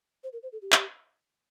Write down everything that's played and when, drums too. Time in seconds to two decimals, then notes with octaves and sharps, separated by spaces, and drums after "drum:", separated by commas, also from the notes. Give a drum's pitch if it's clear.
0.23 C5
0.33 A#4
0.43 C5
0.52 A4
0.62 G4
0.72 drum: clap